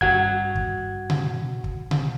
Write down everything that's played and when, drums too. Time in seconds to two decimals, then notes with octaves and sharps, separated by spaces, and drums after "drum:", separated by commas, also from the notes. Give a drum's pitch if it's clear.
0.01 G2 F#4 F#5 G#6, drum: kick
0.55 drum: kick
1.10 drum: tom B2
1.64 drum: kick
1.91 drum: tom B2